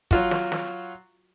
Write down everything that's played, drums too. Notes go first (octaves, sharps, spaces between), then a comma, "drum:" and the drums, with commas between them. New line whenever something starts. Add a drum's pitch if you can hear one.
F#3 F4 F#4, drum: kick
drum: snare
drum: snare